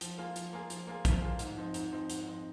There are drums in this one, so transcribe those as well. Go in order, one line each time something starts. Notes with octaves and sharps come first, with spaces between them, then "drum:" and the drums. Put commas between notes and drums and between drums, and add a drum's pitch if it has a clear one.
F3, drum: hi-hat
A#3 F4 G#4
F3, drum: hi-hat
A#3 F4 G#4
F3, drum: hi-hat
A#3 F4 G#4
F3, drum: kick, hi-hat
A#3 F4 G#4
G#2, drum: hi-hat
F3 C4 D#4
G#2, drum: hi-hat
F3 C4 D#4
G#2, drum: hi-hat
F3 C4 D#4